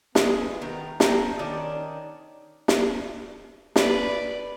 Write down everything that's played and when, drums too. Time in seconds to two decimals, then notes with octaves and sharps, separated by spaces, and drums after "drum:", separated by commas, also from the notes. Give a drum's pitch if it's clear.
0.15 G#3 B3 E4, drum: snare
0.62 D#3 A3 A#4
1.00 A4 G5 A#5, drum: snare
1.39 D#3 C#4 D4 D5
1.76 D#4
2.68 drum: snare
3.76 B4 D5, drum: snare